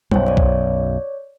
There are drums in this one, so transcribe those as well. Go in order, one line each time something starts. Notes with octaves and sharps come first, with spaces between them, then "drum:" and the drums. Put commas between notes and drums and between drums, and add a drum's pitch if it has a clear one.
B1 F#2 C5 C#5, drum: tom G3
C#5 D5
drum: kick